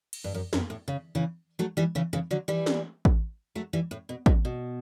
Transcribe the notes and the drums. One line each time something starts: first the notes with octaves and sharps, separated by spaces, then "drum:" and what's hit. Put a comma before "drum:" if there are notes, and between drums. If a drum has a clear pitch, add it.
drum: cymbal
G2
F#2
F#2, drum: snare
A2
C#3
C#3 E3
F#3 A3
E3 G3
C#3 E3
C#3 E3
D3 F#3
E3 G3
drum: snare
drum: kick A1
F#3 A3
E3 G3
A2
B2
B2, drum: kick A1
B2